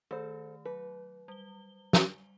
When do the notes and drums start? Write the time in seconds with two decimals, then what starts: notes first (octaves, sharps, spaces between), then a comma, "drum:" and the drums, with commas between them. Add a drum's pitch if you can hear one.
0.11 D#3 A3 A4 C5
0.65 F#3 B4
1.28 G3 G7
1.93 drum: snare